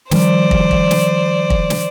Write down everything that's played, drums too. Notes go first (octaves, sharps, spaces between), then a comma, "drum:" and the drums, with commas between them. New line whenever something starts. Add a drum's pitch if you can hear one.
D#3 F3 G3 C5 D5, drum: snare
drum: kick
drum: kick
drum: snare
drum: kick
drum: snare